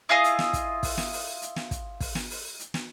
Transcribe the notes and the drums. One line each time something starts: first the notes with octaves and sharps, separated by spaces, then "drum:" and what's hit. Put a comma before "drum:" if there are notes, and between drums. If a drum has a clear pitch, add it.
E4 F4 G#4 D#5
drum: hi-hat
drum: snare
drum: kick, hi-hat
drum: kick, open hi-hat
drum: snare
drum: open hi-hat
drum: hi-hat
drum: snare
drum: kick, hi-hat
drum: kick, open hi-hat
drum: snare
drum: open hi-hat
drum: hi-hat
drum: snare